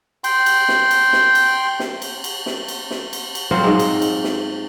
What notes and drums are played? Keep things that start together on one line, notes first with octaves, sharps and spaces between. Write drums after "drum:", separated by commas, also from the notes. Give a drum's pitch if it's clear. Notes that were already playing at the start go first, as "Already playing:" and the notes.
G5 C6, drum: cymbal
drum: cymbal
drum: snare
drum: cymbal
drum: snare
drum: cymbal
drum: snare
drum: cymbal
drum: cymbal
drum: snare
drum: cymbal
drum: snare
drum: cymbal
drum: cymbal
F#3 C4 F4 C5
G#2 G#3
drum: cymbal
drum: cymbal
drum: snare